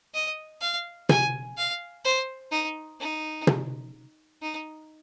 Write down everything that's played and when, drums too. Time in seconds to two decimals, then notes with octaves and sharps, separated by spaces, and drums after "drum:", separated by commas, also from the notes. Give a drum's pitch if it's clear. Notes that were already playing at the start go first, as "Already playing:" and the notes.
0.14 D#5
0.61 F5
1.09 G#5, drum: tom
1.57 F5
2.05 C5
2.52 D#4
3.00 D#4
3.47 drum: tom
4.42 D#4